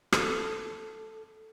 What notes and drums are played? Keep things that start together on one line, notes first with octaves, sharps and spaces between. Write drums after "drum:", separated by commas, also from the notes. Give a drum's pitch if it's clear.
A4, drum: rim click